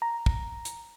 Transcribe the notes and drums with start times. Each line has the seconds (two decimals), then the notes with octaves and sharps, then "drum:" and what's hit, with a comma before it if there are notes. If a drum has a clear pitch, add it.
0.02 A#5
0.26 drum: kick
0.65 drum: hi-hat